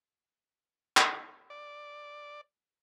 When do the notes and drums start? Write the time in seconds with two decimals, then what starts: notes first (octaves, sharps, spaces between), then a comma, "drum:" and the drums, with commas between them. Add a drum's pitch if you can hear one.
0.97 drum: clap
1.50 D5